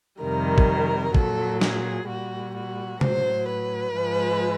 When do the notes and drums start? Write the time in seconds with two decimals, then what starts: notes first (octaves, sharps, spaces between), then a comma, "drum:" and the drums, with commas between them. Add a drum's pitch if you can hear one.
0.21 F2 C3 D#3 G3 A#4
0.58 drum: kick
1.15 A#2 F#3 A4, drum: kick
1.61 G#4, drum: snare
2.08 A#2 G3 F#4
2.55 F#4
3.01 A2 F#3 C5, drum: tom C3
3.48 B4
3.95 G#2 F3 G#3